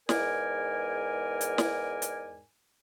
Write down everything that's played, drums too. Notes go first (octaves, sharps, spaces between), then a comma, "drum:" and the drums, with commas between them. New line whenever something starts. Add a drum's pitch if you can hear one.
E2 G#2 A#4 D5 G#5, drum: snare
drum: hi-hat
drum: snare
drum: hi-hat